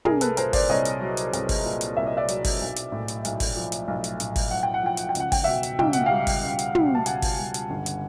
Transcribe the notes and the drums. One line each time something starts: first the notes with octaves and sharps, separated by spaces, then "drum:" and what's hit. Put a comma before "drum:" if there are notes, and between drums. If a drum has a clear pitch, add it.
C2 G#4 A#4, drum: tom
A4 B4, drum: hi-hat
A#2 A#4 C5, drum: hi-hat
C5 D5, drum: kick G1, open hi-hat
C2 C#5 D#5
drum: hi-hat
F#3
drum: hi-hat
C2, drum: hi-hat
drum: kick G1, open hi-hat
A#2
drum: hi-hat
C2 E5
D#5
D5 E5
F#3, drum: hi-hat
drum: kick G1, open hi-hat
B1
drum: hi-hat
A2
drum: hi-hat
B1, drum: hi-hat
drum: kick G1, open hi-hat
F3
drum: hi-hat
B1
drum: hi-hat
A2, drum: hi-hat
drum: kick G1, open hi-hat
B1 F#5
G5
F#5
F3 G5
F#5, drum: hi-hat
G5
C#2, drum: hi-hat
F#5
G5, drum: kick G1, open hi-hat
B2 E5 F#5
drum: hi-hat
C#2 G5, drum: tom
F#5, drum: hi-hat
G3 F5 G5
drum: kick G1, open hi-hat
C#2
drum: hi-hat
B2, drum: tom
A5
C#2 F#5 G#5, drum: hi-hat
drum: kick G1, open hi-hat
G3
drum: hi-hat
G1
drum: hi-hat